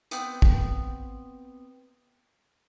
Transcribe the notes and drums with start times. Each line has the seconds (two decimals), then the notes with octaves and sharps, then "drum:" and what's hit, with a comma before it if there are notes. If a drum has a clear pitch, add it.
0.11 B3 C4 G5 G6, drum: hi-hat
0.42 drum: kick